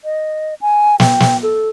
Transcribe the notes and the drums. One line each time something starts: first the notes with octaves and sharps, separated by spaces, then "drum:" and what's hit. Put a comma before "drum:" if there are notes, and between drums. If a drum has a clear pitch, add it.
D#5
G#5
G5, drum: snare
drum: snare
A4